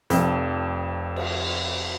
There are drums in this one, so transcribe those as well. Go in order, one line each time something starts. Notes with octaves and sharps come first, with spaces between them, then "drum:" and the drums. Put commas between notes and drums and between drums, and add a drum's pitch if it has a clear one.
F1 F2, drum: hi-hat
drum: cymbal